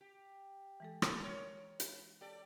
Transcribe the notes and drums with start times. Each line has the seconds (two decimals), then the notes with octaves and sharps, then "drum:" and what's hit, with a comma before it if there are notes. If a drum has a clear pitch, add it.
0.01 G4
0.80 E3 G#3 A4
1.02 drum: rim click
1.21 A#4 C#5 C6
1.80 drum: hi-hat
2.21 G4 A4 D5